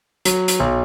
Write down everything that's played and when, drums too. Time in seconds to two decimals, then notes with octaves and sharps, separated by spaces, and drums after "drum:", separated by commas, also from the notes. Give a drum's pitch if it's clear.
0.25 F#3, drum: hi-hat
0.48 drum: hi-hat
0.60 B1